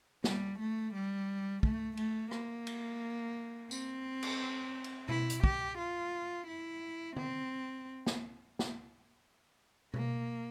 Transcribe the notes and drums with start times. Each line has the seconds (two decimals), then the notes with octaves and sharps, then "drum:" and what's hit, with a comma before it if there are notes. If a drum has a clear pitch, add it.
0.24 G3, drum: snare
0.59 A3
0.94 G3
1.63 A3, drum: kick
1.97 A3, drum: cymbal
2.31 A#3, drum: rim click
2.67 drum: cymbal
3.71 C4, drum: tambourine
4.22 drum: cymbal
4.84 drum: cymbal
5.09 E4, drum: tom B2
5.30 drum: hi-hat
5.44 G4, drum: kick
5.78 F4
6.47 E4
7.16 C4, drum: tom
8.06 drum: snare
8.59 drum: snare
9.94 A#3, drum: tom B2